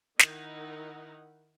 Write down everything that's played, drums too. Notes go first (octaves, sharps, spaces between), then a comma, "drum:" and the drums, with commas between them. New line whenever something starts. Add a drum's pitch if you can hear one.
D#3 D#4 E4 A#4 F#5, drum: snare